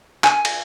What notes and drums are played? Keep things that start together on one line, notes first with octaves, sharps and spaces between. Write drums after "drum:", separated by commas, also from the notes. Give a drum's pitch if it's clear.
G#5, drum: clap
drum: cymbal